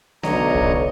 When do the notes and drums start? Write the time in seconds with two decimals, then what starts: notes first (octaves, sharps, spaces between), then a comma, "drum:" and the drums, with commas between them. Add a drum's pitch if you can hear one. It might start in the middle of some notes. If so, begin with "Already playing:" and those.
0.23 B1 D3 C#5 D#5 A#5, drum: snare A3
0.55 drum: kick